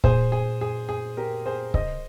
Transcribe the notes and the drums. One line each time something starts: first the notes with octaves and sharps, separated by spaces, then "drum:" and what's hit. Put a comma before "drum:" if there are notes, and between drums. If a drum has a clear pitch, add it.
A#2 G#4 C5, drum: kick C#1
G#4
G#4
G#4
G4 A#4
G#4 C5
C#3 C5 D#5, drum: kick C#1